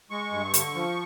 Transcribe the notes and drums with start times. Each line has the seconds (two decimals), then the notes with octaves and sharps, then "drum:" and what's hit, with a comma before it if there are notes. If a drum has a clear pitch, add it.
0.11 G#3 C#6
0.31 G2
0.54 D3, drum: hi-hat
0.75 F3